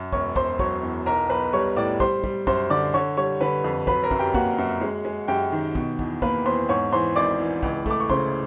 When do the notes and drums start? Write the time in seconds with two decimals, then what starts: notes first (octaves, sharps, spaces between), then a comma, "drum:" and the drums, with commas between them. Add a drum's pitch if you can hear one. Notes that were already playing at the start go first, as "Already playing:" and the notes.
Already playing: F#2
0.13 E1 C#5 C#6, drum: kick
0.36 E1 C5 C6, drum: kick
0.59 F#3 C#5 C#6, drum: kick
0.83 E2
1.06 B1 A#4 A#5
1.29 B1 B4 B5
1.53 G3 C#5 C#6
1.77 A2 D5 D6
2.00 G3 C5 C6, drum: kick
2.24 G3, drum: kick
2.47 F#2 C5 C6, drum: kick
2.70 D3 D5 D6
2.94 D3 C#5 C#6
3.17 G3 C#5 C#6
3.41 D3 B4 B5
3.64 F2
3.87 F#3 B4 B5, drum: kick
4.03 A#4 A#5
4.11 F#2, drum: kick
4.19 G4 G5
4.34 A#3 F#4 F#5, drum: kick
4.58 F#2
4.81 G#3
5.05 G#3
5.28 F#2 G4 G5
5.52 D#3
5.75 B2, drum: kick
5.99 E2, drum: kick
6.22 A#3 B4 B5, drum: kick
6.45 E2 C5 C6
6.69 G#2 C#5 C#6
6.92 E3 C5 C6
7.16 G#1 D5 D6
7.39 E3
7.63 C#2, drum: kick
7.86 A3 D6, drum: kick
8.00 C#6
8.10 C#3 C5 C6, drum: kick